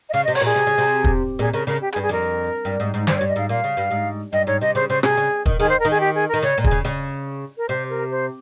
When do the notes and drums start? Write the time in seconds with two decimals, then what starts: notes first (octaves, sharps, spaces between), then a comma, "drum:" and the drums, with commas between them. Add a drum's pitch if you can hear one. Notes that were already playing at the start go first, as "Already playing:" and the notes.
0.09 D#5
0.14 C#3 F5
0.25 D#5
0.28 C3
0.35 C#5, drum: open hi-hat
0.41 A#2 G#4
0.56 C3
0.67 C#3
0.78 C3
1.04 drum: kick
1.39 A#2 G#4
1.53 C#3 A#4
1.67 C#3 A#4
1.82 G4
1.92 G#4, drum: hi-hat
1.96 G2
2.03 G#4
2.09 F2 A#4
2.65 G2
2.80 G#2
2.94 G#2
3.07 G2 C5, drum: snare
3.17 C#5
3.21 G2
3.29 D#5
3.36 G#2 F5
3.49 A#2 F5
3.64 C#3
3.77 G2
3.91 G#2
4.33 G2 D#5
4.47 G#2 C#5
4.61 C3 D#5
4.75 C#3 C5
4.89 C#3 C5
5.03 C3 G#4, drum: rim click
5.17 C#3
5.46 D#3, drum: kick
5.60 D#3 G#4
5.69 C5
5.80 A#4
5.85 D#3
5.91 G#4
6.01 G4
6.15 G#4
6.29 A#4
6.34 D#3
6.43 C#3 C#5
6.58 A#2
6.64 G#4, drum: kick
6.71 C#3
6.85 C#3
7.58 A#4
7.69 C3 C5
7.90 A#4
8.11 C5